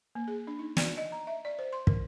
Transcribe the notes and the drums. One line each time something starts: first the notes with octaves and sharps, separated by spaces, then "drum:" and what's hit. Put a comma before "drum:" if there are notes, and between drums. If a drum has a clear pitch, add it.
A#3
G#4
D4
D#4
D5, drum: snare
D#5
A#5
E5
D5
C5
C6
A#4, drum: kick